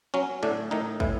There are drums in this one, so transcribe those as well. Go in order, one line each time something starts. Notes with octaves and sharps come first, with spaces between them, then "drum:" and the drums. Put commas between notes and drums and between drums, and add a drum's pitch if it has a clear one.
F#3 C#4
A2 D3 D4
A2 D#3 D#4
A2 E3 E4, drum: kick